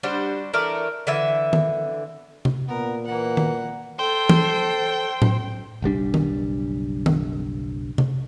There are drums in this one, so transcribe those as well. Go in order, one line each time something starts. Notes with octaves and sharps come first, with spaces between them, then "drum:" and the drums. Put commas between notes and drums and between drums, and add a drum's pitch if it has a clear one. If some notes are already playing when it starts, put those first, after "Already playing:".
G3 D4 F#4 C5
E3 A3 A#4 D5
D3 E3 E5
drum: tom D#3
drum: tom C3
A#2 B3 A#4
E3 A#3 F#5
drum: tom D#3
A4 C5 G5
drum: tom E3
drum: tom A2
F#1 B1 G3 D4
drum: tom D#3
drum: tom D#3
drum: tom C3